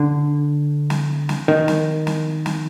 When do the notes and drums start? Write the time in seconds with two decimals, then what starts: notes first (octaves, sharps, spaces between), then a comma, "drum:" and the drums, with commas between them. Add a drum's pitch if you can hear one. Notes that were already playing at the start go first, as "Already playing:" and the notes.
Already playing: D3
0.90 drum: snare
1.29 drum: snare
1.48 D#3
1.68 drum: snare
2.07 drum: snare
2.46 drum: snare